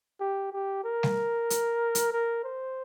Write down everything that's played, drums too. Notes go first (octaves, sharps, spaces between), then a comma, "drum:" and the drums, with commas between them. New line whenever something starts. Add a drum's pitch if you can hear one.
G4
G4
A#4
drum: snare G3
drum: hi-hat
drum: hi-hat
A#4
C5